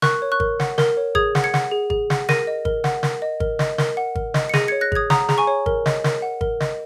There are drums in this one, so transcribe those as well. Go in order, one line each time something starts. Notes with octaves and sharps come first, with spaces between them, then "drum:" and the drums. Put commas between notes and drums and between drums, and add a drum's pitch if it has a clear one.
A#4 C#6 F#6, drum: snare
C#5
C#6 F#6
A#4, drum: kick G#1
F#5, drum: snare
A#4, drum: snare
C#5
G#4 D#6 G#6, drum: kick G#1
F#5, drum: snare
G#6 C#7
F#5, drum: snare
G#4
G#4, drum: kick G#1
F#5, drum: snare
A#4 A#6 D#7, drum: snare
D#5
A#4, drum: kick G#1
F#5, drum: snare
A#4, drum: snare
D#5
A#4, drum: kick G#1
D#5, drum: snare
A#4, drum: snare
F#5
A#4, drum: kick G#1
D#5, drum: snare
C#7
G#4 A#6 D#7, drum: snare
C#5 G#6 C#7
F#6 A#6
G#4 D#6 G#6, drum: kick G#1
F#5 A#5 D#6, drum: snare
G#4 A#5, drum: snare
G#5 C#6
C#5
A#4, drum: kick G#1
D#5, drum: snare
A#4, drum: snare
F#5
A#4, drum: kick G#1
D#5, drum: snare